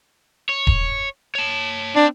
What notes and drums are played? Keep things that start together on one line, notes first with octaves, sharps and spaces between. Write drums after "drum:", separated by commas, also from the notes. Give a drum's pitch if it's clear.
C#5
drum: kick D#1
C#5 A5
C4 D4